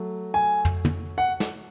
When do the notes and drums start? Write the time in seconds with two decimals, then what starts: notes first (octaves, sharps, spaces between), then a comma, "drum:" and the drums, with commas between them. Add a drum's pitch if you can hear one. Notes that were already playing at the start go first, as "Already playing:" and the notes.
Already playing: F#3 A3
0.34 G#5
0.65 drum: tom
0.85 drum: tom
1.18 F#5
1.40 drum: snare